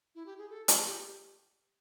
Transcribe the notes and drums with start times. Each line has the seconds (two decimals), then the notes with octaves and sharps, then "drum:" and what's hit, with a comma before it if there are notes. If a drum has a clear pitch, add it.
0.15 E4
0.26 G4
0.38 G#4
0.50 A4
0.68 G4, drum: hi-hat
0.79 G#4
0.85 G4